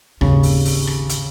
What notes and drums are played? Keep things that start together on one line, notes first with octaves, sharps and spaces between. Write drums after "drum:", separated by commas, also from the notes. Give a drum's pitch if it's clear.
G#1 D#2 C#3, drum: rim click
drum: open hi-hat
drum: open hi-hat
drum: rim click
drum: hi-hat